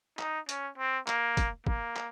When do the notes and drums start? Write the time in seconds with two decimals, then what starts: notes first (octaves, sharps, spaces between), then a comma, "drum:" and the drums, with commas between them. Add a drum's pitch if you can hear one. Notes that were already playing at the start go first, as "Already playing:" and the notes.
0.19 D#4, drum: clap
0.49 C#4, drum: hi-hat
0.78 C4
1.07 A#3, drum: clap
1.37 drum: kick, hi-hat
1.67 A#3, drum: kick
1.96 drum: clap